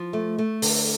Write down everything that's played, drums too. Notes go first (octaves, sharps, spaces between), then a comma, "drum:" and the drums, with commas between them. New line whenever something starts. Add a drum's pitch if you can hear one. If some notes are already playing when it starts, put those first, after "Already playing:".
Already playing: F3
A3
A3
D3, drum: open hi-hat